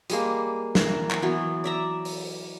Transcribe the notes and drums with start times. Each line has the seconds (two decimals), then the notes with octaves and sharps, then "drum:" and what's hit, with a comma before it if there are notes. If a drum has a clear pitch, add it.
0.10 G3 G#3 A#3, drum: hi-hat
0.75 E3 A#4, drum: snare
1.11 drum: clap
1.22 E3 F#3 B3
1.64 D5 E5 A#5
2.05 drum: open hi-hat